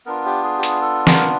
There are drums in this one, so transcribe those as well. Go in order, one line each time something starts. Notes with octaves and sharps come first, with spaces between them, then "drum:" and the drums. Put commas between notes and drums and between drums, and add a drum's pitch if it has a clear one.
B3 D4 F4 A#4
G4
G#4
G4
G#4, drum: hi-hat
A4
A#4, drum: snare